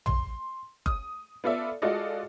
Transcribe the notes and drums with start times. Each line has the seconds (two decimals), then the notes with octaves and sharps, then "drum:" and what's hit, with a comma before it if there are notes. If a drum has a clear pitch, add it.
0.06 C6, drum: tom
0.86 D#6, drum: kick F#1
1.44 B3 F4 A4 D5 E5
1.82 G#3 F4 F#4 A4 D5 D#5